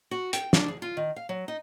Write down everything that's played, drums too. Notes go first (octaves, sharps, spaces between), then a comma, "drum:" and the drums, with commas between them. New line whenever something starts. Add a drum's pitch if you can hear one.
F#4
G5, drum: hi-hat
D4, drum: snare
G#4
F4
D#3
F5
F#3
D#4